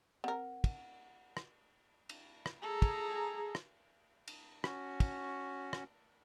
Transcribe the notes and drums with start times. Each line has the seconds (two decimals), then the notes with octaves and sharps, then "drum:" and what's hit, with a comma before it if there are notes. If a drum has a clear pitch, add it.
0.24 C4 A#4 F#5
0.64 drum: kick, cymbal
1.37 drum: rim click
2.09 drum: cymbal
2.46 drum: rim click
2.62 G#4 A4 A#5
2.82 drum: kick, cymbal
3.55 drum: rim click
4.28 drum: cymbal
4.64 C#4 F#4, drum: rim click
5.00 drum: kick, cymbal
5.73 drum: rim click